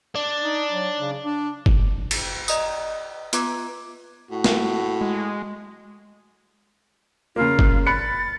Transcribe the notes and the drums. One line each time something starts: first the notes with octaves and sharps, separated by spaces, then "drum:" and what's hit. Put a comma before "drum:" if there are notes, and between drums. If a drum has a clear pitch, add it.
D4
D#4
F#3
C#3
D4
drum: kick F#1
drum: cymbal
D5 D#5 A#5 D#6, drum: tambourine
B3 F4 B4 A#5 D6 G#6, drum: hi-hat
A2 F#4
drum: snare
G#3
C#3 A#3 F4
drum: kick F#1
B5 F#6 A6 C#7